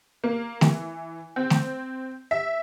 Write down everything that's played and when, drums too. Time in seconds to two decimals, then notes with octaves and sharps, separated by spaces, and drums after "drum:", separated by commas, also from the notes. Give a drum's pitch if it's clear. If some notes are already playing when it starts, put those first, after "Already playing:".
0.24 A#3
0.61 E3, drum: snare A3
1.36 C4
1.50 drum: snare A3
2.31 E5